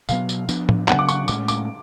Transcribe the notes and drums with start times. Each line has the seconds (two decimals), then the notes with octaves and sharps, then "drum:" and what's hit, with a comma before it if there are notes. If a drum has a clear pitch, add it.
0.09 B2 F#3 B3 F5, drum: tambourine
0.29 drum: tambourine
0.49 F3 B3 D4, drum: tambourine
0.69 drum: tom A2
0.88 C#3 F#3 B3 D4 F#5, drum: clap
0.99 D6
1.08 C#6, drum: tambourine
1.28 A2 G#3 C#4 D6, drum: tambourine
1.48 D6, drum: tambourine